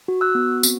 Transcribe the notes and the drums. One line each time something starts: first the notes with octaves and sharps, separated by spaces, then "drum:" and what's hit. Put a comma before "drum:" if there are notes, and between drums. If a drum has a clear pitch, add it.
F#4
E6 F#6
B3
C4, drum: tambourine